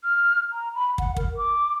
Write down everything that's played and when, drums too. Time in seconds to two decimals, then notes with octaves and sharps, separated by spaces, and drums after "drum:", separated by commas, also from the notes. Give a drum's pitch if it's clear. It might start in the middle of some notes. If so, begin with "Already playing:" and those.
0.04 F6
0.52 A#5
0.75 B5
0.98 F#5, drum: kick
1.17 A#4, drum: kick
1.37 D6